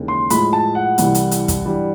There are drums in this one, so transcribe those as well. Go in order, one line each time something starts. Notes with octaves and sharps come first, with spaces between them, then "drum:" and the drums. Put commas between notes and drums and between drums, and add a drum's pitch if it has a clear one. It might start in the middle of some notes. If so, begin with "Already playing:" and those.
Already playing: D#2 C#3 E3 G#3
C6
A2 F3 G#3 B5, drum: hi-hat
A5
F#5
C2 C3 E3 G3, drum: hi-hat
drum: hi-hat
drum: hi-hat
drum: kick, hi-hat
G2 E3 G3